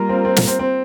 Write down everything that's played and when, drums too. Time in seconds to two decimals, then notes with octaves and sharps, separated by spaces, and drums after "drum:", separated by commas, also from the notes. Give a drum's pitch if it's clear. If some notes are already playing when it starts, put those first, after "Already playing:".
Already playing: G3 A#3 F4 A#4
0.09 C4
0.25 C4
0.36 drum: snare
0.47 C4
0.59 C4